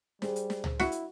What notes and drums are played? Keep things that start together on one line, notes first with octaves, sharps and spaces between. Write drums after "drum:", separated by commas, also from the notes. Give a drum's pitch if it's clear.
G3 G#4 C5, drum: snare
drum: hi-hat
drum: snare
drum: tom C#2
E4 F#4, drum: snare
drum: hi-hat